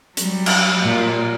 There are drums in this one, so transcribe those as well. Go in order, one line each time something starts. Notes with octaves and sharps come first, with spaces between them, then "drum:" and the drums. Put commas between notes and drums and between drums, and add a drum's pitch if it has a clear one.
F#3 G3, drum: hi-hat
drum: cymbal
A#2